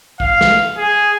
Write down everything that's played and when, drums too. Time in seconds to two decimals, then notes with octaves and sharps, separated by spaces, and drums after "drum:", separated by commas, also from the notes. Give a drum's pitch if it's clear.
0.20 F5, drum: kick B1
0.41 drum: snare
0.78 G#4